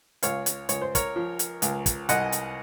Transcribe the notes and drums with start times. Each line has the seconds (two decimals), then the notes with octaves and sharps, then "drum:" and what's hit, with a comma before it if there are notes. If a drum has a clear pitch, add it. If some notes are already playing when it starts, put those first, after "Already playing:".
0.23 C#2 C#5 F5, drum: hi-hat
0.46 drum: hi-hat
0.69 C#2 C#5, drum: hi-hat
0.82 C5
0.95 A#4 C#5, drum: kick, hi-hat
1.16 F3
1.39 drum: hi-hat
1.62 C#2, drum: hi-hat
1.86 drum: kick, hi-hat
2.09 C2 D#5 F#5, drum: hi-hat
2.32 drum: hi-hat